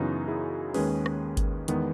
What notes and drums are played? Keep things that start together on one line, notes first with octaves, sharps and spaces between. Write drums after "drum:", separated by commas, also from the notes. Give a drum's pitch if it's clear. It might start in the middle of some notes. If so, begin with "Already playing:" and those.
Already playing: F#2 C#3 E3 B3 D#4 F#4
E4 G#4
D#2 D#3 G#3 C#4 G#4 B4, drum: open hi-hat
drum: rim click
drum: kick G1, hi-hat
E2 D#3 G#3 B3, drum: hi-hat